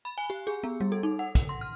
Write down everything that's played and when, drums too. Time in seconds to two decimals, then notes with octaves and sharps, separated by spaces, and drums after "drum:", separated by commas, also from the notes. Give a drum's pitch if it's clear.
0.05 B5
0.18 G#5
0.30 G4
0.47 G#4
0.63 B3
0.80 G3
0.92 A4
1.03 D#4
1.19 F#5
1.35 F#5, drum: kick, hi-hat
1.49 C6
1.61 F6